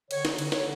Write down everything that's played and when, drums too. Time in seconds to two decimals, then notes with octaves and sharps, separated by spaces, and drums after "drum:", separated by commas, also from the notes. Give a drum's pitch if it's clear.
0.11 D3 C#5, drum: cymbal
0.25 drum: snare
0.38 D3, drum: cymbal
0.52 C#5, drum: snare